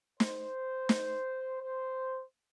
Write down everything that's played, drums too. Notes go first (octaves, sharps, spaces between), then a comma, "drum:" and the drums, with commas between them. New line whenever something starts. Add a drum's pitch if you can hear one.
C5, drum: snare
drum: snare
C5